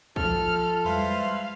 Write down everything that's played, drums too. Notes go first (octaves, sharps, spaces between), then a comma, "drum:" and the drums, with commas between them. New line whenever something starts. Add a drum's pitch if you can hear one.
F3 A4 F6, drum: kick
G3 G#3 E4 B4 C5 F5, drum: tom E2